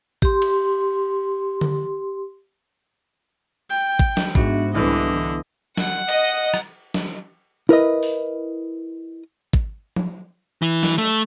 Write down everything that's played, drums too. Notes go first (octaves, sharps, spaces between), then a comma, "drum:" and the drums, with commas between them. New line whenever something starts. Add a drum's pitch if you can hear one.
G4 C6, drum: kick G#1
drum: cymbal
drum: tom D3
G5
drum: kick G#1
drum: snare
G#2 B3 D4 F#4 E5, drum: kick G#1
C2 D3 E3 D#5
F#5, drum: snare
D#5, drum: cymbal
drum: rim click
drum: snare
E4 A#4 B4 D#5
drum: open hi-hat
drum: kick G#1
drum: tom
E3
drum: snare
A3